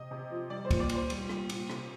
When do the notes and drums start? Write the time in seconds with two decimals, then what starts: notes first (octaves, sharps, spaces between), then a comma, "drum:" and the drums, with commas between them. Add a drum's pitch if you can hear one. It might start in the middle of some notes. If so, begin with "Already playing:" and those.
Already playing: C3 D#5
0.11 C3
0.30 F3
0.50 G3 D5
0.65 C5
0.71 A#2, drum: kick, cymbal
0.80 D5
0.89 A#2, drum: cymbal
0.95 C5
1.10 G3, drum: cymbal
1.29 G3, drum: rim click
1.50 A#2, drum: cymbal
1.70 C3, drum: rim click